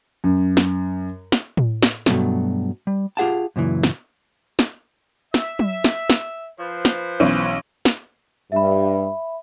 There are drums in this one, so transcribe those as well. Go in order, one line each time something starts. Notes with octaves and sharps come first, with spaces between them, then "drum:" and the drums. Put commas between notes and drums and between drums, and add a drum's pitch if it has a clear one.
F#2
drum: snare
drum: snare
drum: tom A2
drum: snare
G2 B2 F#3 A3, drum: snare
G3
F4 G4 G#4 F#5 G5 A5
F#2 A#2 C#3 E3
drum: snare
drum: snare
E5, drum: snare
drum: tom F#3
drum: snare
drum: snare
F3 B4 C5
drum: snare
B1 E3 C#4
drum: snare
G2 E5 B5